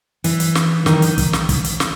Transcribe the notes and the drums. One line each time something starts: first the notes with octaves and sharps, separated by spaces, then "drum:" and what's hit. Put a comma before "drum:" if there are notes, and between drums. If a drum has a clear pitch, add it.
E3, drum: hi-hat
drum: hi-hat
drum: snare
D#3, drum: snare
drum: hi-hat
drum: kick, hi-hat
drum: snare
drum: kick, hi-hat
drum: hi-hat
drum: snare